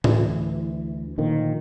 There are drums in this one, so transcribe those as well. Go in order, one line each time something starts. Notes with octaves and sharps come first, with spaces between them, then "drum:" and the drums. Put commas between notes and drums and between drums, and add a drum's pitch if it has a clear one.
D2 E3, drum: tom A2
A#2 D3 D#3 F3